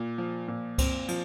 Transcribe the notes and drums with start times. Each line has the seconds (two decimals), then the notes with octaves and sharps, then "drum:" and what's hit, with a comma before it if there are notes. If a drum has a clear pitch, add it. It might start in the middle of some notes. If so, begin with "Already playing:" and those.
Already playing: A#2
0.18 F3
0.48 A#2
0.78 C4, drum: kick C#2, cymbal
1.08 F3, drum: cymbal